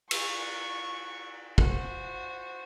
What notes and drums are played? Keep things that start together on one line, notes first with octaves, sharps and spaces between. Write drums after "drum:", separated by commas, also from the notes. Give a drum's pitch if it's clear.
C#6, drum: cymbal
F#4 C5, drum: kick